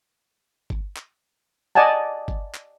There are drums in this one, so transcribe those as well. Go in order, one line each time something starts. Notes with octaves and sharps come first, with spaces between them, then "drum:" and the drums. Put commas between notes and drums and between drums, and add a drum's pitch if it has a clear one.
drum: kick G1
drum: clap
D5 D#5 F#5 G#5 A5
drum: kick G1
drum: clap